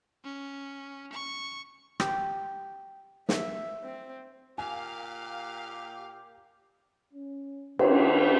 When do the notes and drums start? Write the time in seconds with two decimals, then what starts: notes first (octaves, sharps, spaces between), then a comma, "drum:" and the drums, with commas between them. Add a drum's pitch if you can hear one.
0.24 C#4
1.12 C#6
2.00 G4 G5, drum: rim click
3.29 E5, drum: snare
3.84 C4
4.58 A#2 A#3 G4 F5 G#5
7.14 C#4
7.79 D#3, drum: cymbal